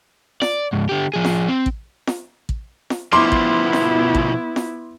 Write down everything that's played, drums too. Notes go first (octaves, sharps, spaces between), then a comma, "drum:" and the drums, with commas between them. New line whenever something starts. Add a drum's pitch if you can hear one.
D5, drum: snare
C#2 G#2
D3 G4
F3 G#4
drum: snare
C4
drum: kick
drum: snare
drum: kick
drum: snare
B2 F3 B3 E4 C6 D6
drum: kick
drum: snare
drum: kick
drum: snare